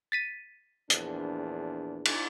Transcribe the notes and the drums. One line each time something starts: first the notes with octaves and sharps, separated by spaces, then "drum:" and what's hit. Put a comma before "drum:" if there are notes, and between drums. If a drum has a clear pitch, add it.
A6 B6 D#7
A#1 E2 D4, drum: hi-hat
drum: cymbal